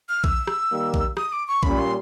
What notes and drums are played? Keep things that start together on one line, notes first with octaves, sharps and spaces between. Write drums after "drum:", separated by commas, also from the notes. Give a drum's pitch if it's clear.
F6
E6, drum: kick A#1
drum: rim click
D#3 G3 A#3
drum: kick A#1
D#6, drum: rim click
D6
C#6
A#2 G3 A#3 C#4 B5, drum: kick A#1
C6